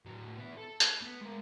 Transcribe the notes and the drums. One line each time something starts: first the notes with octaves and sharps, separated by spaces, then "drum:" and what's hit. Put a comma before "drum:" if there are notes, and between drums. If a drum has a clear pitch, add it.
A2 F#3
B3 E4
A4
drum: hi-hat
B3
G#3 A#4